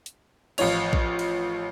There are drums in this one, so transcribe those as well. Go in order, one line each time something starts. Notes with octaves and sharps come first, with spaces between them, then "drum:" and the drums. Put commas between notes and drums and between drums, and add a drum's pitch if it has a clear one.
drum: hi-hat
A1 F3 F4 C#5 F7, drum: cymbal
drum: kick A#1
drum: cymbal